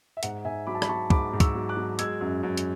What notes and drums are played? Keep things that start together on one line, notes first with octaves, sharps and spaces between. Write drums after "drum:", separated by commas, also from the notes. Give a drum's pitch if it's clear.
E5
G#2 F#5, drum: hi-hat
G#2 E5 G#5
F#3 B5 D6
A5
B5, drum: rim click
F#3 A5 C#6
G#2 B5 D6, drum: kick
G#2
C#6 E6, drum: kick, hi-hat
F#3
D6 F#6
F#3
G#3 E6 G#6, drum: hi-hat
F#2
F#2
drum: hi-hat